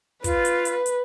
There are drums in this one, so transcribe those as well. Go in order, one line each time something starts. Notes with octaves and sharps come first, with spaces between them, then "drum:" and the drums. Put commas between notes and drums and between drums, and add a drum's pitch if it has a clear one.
F4 B4, drum: kick, hi-hat
drum: hi-hat
drum: hi-hat
drum: hi-hat